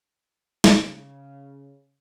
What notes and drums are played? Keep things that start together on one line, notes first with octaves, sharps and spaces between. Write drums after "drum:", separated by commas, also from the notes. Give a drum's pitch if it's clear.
C#3, drum: snare